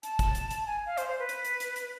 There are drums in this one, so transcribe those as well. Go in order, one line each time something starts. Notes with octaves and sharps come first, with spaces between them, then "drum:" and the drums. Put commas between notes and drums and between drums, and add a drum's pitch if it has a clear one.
A5, drum: hi-hat
drum: kick, hi-hat
drum: hi-hat
drum: hi-hat
G#5
F5
C5, drum: hi-hat
C5
B4
drum: hi-hat
drum: hi-hat
drum: hi-hat
drum: hi-hat